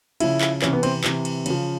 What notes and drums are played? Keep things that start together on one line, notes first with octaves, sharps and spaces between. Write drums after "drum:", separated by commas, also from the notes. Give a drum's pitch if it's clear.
C#3 F3 E4, drum: cymbal
drum: clap
C3 E3 C#4, drum: clap
B3
C4, drum: cymbal
C3 E3, drum: clap
drum: cymbal
C#3 F3, drum: cymbal